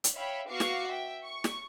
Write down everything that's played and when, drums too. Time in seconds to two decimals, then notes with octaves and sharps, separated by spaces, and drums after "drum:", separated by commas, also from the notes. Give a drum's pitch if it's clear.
0.04 drum: hi-hat
0.14 C#5 E5 F5 G5 B5
0.49 B3 F#4 F5 C#6 D6 C7
0.60 drum: snare
0.88 E5 G5
1.24 C#6
1.44 drum: snare